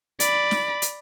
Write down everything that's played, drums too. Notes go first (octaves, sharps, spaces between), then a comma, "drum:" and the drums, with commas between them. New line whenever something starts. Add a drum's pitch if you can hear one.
D5 B5, drum: hi-hat
drum: snare
drum: hi-hat